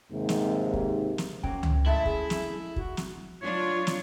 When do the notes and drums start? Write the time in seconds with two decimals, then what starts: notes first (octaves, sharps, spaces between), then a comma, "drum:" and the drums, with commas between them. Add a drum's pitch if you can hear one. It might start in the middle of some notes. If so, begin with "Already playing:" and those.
0.12 D#2 G#2 C3
0.29 drum: snare
0.73 drum: kick
1.18 drum: snare
1.43 F#3 A#3 C#4 G5, drum: kick
1.63 drum: tom C#2
1.86 G#3 A3 E4 E5 A5
2.05 G#4, drum: kick
2.30 drum: snare
2.76 F#4, drum: kick
2.97 drum: snare
3.42 F#3 D4 F4 C#5
3.87 drum: snare